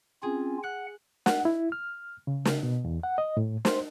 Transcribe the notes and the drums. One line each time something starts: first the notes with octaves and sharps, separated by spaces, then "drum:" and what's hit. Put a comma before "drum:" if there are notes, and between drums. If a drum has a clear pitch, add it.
C4 C#4 F4 G#4
F#5 F#6
F#5, drum: snare
E4
F6
C#3
drum: snare
B2
E2
F#5
D#5
A2
C5, drum: snare